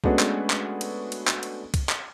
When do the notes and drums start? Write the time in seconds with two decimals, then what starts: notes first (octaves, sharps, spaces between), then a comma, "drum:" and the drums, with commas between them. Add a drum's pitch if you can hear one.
0.04 G#3 A3 B3 C#4 D4 F#4, drum: kick C2
0.19 drum: clap
0.50 drum: clap
0.81 drum: cymbal
1.12 drum: cymbal
1.27 drum: clap
1.43 drum: cymbal
1.74 drum: kick C2, cymbal
1.89 drum: clap